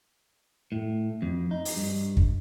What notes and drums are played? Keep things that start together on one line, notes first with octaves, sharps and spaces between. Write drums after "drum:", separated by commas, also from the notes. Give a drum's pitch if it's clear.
A2
F2
D#4
drum: open hi-hat
G2
drum: kick